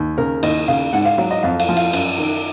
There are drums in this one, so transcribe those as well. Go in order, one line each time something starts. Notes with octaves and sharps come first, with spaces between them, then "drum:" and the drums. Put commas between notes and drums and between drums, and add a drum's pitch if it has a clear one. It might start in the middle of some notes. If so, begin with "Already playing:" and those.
Already playing: D#2
C#3 A#4
D#2 D#5, drum: cymbal
C#3 F5
G#2 F#5
F5
F#3 F5
D#5
F2 F5
F5, drum: cymbal
F3
F5, drum: cymbal
F#2, drum: cymbal
D#3